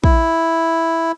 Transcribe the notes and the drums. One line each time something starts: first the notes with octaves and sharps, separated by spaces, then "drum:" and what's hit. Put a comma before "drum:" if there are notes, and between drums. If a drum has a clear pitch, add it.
E4, drum: kick